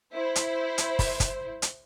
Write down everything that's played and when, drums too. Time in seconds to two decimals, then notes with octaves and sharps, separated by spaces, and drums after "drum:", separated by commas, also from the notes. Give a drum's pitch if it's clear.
0.14 E4 C5
0.36 drum: hi-hat
0.78 drum: hi-hat
0.99 drum: kick, open hi-hat
1.20 drum: kick, hi-hat
1.62 drum: hi-hat